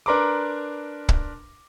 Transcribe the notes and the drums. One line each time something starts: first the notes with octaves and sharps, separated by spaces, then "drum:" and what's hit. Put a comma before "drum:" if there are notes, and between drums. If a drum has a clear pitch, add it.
D4 A#4 B4 A#5 C6 D6
drum: kick